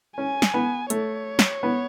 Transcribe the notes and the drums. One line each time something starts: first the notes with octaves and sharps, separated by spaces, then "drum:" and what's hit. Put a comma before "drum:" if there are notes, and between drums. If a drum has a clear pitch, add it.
C#4 G#5
drum: snare
B3
A3 C#5, drum: hi-hat
drum: snare
B3